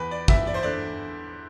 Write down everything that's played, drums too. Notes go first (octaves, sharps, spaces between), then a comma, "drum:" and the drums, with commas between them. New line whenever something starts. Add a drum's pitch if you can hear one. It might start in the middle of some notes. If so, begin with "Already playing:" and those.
Already playing: E2 B4
D5
E2 E5, drum: kick
D5
C5
D3 D5